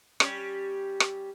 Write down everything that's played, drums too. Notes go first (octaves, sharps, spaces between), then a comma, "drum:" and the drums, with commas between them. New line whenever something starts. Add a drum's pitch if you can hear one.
G3 C#4, drum: rim click
drum: rim click